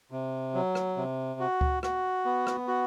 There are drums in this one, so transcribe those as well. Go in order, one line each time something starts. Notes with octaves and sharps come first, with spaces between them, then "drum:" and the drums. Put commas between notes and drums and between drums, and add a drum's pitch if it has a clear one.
C3
F#3
drum: rim click
C3
F#4
drum: kick C#2
F#4, drum: rim click
B3
drum: rim click
F#4